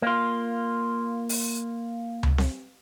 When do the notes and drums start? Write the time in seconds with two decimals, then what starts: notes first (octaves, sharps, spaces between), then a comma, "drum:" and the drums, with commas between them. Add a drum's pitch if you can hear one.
0.02 A#3 F4
1.29 drum: open hi-hat
2.23 drum: tom C#2
2.38 drum: snare C4